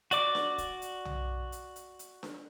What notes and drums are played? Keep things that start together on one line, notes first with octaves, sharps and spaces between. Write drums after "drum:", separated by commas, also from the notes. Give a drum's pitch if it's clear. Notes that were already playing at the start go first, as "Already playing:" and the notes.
F#4 D5 D6, drum: hi-hat
drum: snare D4
drum: kick, hi-hat
drum: hi-hat
drum: tom
drum: hi-hat
drum: hi-hat
drum: hi-hat
drum: snare D4